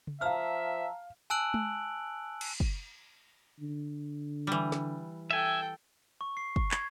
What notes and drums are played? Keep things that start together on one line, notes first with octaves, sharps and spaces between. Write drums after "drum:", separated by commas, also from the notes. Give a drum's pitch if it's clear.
drum: tom C#3
F3 E5 F5 A5 A#5 F6
G#5 A5 E6 F#6 D7 F#7
drum: tom G#3
drum: cymbal
drum: kick
D3
E3 G3
drum: snare
A4 E5 G5 G#5
C#6
C7
C#6, drum: kick
G#6, drum: clap